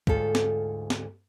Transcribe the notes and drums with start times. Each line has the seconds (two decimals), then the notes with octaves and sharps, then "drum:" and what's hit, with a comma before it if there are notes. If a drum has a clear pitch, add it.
0.07 D2 G#2 F4 A4, drum: kick
0.35 drum: snare
0.90 drum: snare